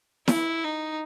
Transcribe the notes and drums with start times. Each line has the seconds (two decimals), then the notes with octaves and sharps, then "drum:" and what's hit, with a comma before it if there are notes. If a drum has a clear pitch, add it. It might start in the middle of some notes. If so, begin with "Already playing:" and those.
0.28 E4, drum: snare E4
0.64 D#4